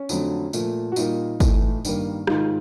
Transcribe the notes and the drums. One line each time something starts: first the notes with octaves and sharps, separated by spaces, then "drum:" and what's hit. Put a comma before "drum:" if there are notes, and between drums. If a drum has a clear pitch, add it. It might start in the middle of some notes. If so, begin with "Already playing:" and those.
Already playing: C#4
F2 D3 F#3 A3, drum: tambourine
A#2 F3 A3, drum: tambourine
F#4
A#2 G3 A#3 D#4 F4, drum: tambourine
A2 E3 A3, drum: kick, tambourine
G2 D#3 G3 A#3, drum: tambourine
G#2 D#3 G#3 D#4 F4, drum: rim click